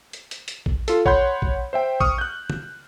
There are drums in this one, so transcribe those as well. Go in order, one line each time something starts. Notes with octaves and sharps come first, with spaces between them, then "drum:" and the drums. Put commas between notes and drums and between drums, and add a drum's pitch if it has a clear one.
drum: hi-hat
drum: hi-hat
drum: hi-hat
drum: kick A#1
F4 A4, drum: hi-hat
C#5 F#5 B5 C6 G6, drum: kick A#1
drum: kick A#1
C5 E5 G5
C#6 D#6 F6, drum: kick A#1
F#6 G6
drum: tom